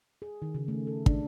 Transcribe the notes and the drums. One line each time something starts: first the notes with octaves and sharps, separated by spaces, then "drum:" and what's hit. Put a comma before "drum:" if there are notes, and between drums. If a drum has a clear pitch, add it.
G#4
D#3
C#3
A3
A4
D4, drum: kick